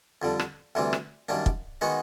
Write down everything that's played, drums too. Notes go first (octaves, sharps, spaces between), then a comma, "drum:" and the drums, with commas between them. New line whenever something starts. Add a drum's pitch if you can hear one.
F2 D3 G3
drum: rim click
D2 C3 E3 G3 C4
drum: rim click
F#2 D#3 G3 A#3 D4
drum: kick
D#3 G#3 B3 D#4 F#4